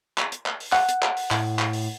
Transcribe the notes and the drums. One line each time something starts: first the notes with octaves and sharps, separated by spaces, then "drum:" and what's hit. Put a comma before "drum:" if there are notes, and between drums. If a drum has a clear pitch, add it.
drum: clap
drum: hi-hat
drum: clap
drum: open hi-hat
F#5, drum: clap
drum: hi-hat
drum: clap
drum: open hi-hat
A2, drum: clap
drum: clap
drum: open hi-hat